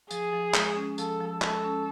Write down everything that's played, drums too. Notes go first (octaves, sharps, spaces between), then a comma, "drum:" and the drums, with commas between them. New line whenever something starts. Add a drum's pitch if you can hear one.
F3 G#4, drum: tambourine
F3
G#3, drum: clap
C#4
F3 A4, drum: tambourine
F3
G#3 A4, drum: clap
C#4